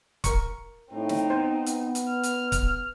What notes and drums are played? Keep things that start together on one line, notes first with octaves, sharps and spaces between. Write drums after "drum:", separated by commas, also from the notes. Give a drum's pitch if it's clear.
A#4 A#5 C#6, drum: kick C#1, hi-hat
A2 C4 D#4
drum: snare
B3 C5
drum: hi-hat
drum: hi-hat
F6
drum: hi-hat
drum: kick C#1, hi-hat